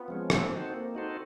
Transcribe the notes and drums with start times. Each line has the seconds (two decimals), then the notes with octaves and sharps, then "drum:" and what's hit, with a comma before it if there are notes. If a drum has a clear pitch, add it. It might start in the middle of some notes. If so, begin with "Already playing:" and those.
Already playing: B3 C4 F4
0.08 F3 G#3 C#4
0.30 A#3 C4, drum: rim click
0.52 D#4 F#4 A4 C5
0.74 A#3
0.95 D#4 F#4 A4 C5